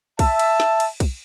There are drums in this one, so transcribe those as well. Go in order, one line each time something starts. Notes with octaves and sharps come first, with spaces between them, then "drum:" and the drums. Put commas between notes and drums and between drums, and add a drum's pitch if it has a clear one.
E5 A5, drum: kick, cymbal
drum: cymbal
drum: snare
drum: cymbal
drum: kick, cymbal